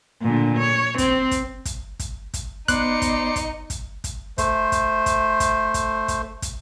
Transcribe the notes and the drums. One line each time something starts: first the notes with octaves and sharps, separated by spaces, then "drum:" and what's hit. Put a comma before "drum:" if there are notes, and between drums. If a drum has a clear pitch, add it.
A#2 D3
C#5
C4, drum: kick, hi-hat
drum: kick, hi-hat
drum: kick, hi-hat
drum: kick, hi-hat
drum: kick, hi-hat
B3 D#4 C5 D5 F#6 C#7, drum: kick, hi-hat
drum: kick, hi-hat
drum: kick, hi-hat
drum: kick, hi-hat
drum: kick, hi-hat
A3 C5, drum: kick, hi-hat
drum: kick, hi-hat
drum: kick, hi-hat
drum: kick, hi-hat
drum: kick, hi-hat
drum: kick, hi-hat
drum: kick, hi-hat